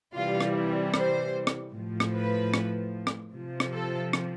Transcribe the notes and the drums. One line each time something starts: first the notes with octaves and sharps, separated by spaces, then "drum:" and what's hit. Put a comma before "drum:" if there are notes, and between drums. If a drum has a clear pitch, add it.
C3 E3 G3 F4
drum: rim click
C5, drum: rim click
drum: rim click
A2 F3
drum: rim click
B4
drum: rim click
drum: rim click
C3 F3
drum: rim click
A4
drum: rim click